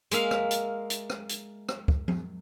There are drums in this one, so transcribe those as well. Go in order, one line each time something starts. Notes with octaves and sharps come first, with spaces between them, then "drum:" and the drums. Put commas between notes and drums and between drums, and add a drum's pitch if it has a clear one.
G#3 A#3 E5 F5, drum: hi-hat
drum: rim click
drum: hi-hat
drum: hi-hat
drum: rim click
drum: hi-hat
drum: rim click
drum: kick
drum: tom F3